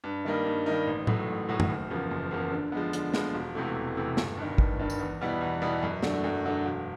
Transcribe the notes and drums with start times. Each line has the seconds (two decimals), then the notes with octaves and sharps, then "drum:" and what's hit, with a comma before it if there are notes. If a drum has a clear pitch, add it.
0.04 G2
0.25 D#3 G3 A#3 D#4
0.45 G2
0.66 D#3 G3 A#3 D#4
0.87 A1
1.07 A2 F#3 A3, drum: tom A2
1.28 A1
1.49 A2 F#3 A3
1.60 drum: tom F#2
1.69 F#1
1.90 E2 C#3 F3 A#3
2.11 F#1
2.31 E2 C#3 F3 A#3
2.52 D3
2.72 F3 G#3 B3
2.93 D3, drum: hi-hat
3.14 F3 G#3 B3, drum: snare
3.34 E1
3.55 E2 C3 E3 A3
3.76 E1
3.96 E2 C3 E3 A3
4.17 G1, drum: snare
4.37 G2 D#3
4.58 G1, drum: kick
4.79 G2 D#3
4.90 drum: tambourine
5.00 E2
5.21 B2 G3 B3 E4
5.41 E2
5.62 B2 G3 B3 E4
5.82 F#2
6.03 D3 F#3 A3 D4, drum: snare
6.24 F#2
6.44 D3 F#3 A3 D4
6.65 E1